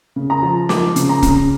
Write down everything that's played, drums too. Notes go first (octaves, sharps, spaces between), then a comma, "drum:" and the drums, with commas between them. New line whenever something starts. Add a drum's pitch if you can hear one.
C#3
A#5
F3
F3 D6, drum: snare
C#3, drum: hi-hat
A#5
C#3, drum: kick, hi-hat